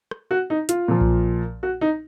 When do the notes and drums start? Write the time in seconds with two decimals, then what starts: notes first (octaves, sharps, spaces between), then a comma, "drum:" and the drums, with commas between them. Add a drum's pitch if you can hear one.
0.11 drum: rim click
0.31 F#4
0.50 D#4
0.69 F4, drum: hi-hat
0.88 A#2 F3
1.01 drum: kick B1
1.63 F#4
1.81 D#4